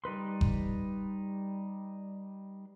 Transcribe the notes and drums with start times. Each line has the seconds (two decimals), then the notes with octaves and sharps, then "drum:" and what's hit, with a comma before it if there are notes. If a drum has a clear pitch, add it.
0.04 G3 D#4 B4 C6
0.41 drum: kick F#1